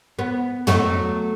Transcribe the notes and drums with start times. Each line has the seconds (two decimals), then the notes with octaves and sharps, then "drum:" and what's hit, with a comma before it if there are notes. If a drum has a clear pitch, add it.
0.19 B3
0.67 F#3 A3 B3, drum: tom